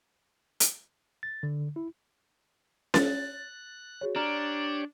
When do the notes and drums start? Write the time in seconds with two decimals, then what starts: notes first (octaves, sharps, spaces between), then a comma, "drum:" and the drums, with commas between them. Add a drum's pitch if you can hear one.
0.60 drum: hi-hat
1.23 A6
1.43 D3
1.76 E4
2.94 F#6 A6, drum: snare C#4
4.01 F#4 G#4 C#5
4.16 D4 G4 C#5 D5 A#5 F6